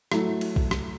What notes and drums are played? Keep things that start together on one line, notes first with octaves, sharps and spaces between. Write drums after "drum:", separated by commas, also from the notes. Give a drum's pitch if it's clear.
F#3 A3 E4, drum: rim click
drum: cymbal
drum: kick A#1
drum: rim click